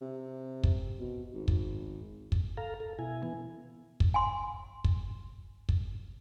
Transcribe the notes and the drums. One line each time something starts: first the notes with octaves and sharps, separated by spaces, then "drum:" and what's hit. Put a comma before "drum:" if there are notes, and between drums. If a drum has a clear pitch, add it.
C3
drum: kick
B2
G#1
drum: kick
drum: kick
A4 F5 A#5
A4
B2 E4 G#5
E3 B3
drum: kick
G#5 C6
drum: kick
drum: kick